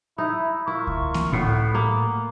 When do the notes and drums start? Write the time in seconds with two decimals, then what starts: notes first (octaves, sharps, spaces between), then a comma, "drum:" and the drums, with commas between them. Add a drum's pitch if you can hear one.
0.18 D#4 E4
0.67 E4 F4 A#4 C#6
0.87 drum: kick C#2
1.14 drum: snare A#3
1.33 A2 B3, drum: kick C#2
1.75 A#3